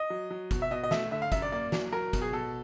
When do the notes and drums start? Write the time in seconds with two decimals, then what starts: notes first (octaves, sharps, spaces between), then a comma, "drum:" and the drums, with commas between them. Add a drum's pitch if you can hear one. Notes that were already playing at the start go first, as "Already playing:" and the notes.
Already playing: D#5
0.10 F#3
0.31 F#3
0.51 B2, drum: kick F#1, hi-hat
0.62 E5
0.71 B2 D#5
0.84 D#5
0.91 A3 E5, drum: snare
1.11 D3 E5
1.22 F5
1.32 F#2 E5, drum: kick F#1, hi-hat
1.42 D5
1.52 A#3 D5
1.72 F#3, drum: snare
1.92 F#3 A#4
2.13 B2, drum: kick F#1, hi-hat
2.21 G#4
2.33 B2 A4